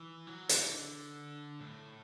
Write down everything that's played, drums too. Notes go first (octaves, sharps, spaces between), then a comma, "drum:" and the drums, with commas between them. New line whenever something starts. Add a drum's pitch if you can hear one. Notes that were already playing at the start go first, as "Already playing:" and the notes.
Already playing: E3
F#3
E3, drum: hi-hat
D3
A2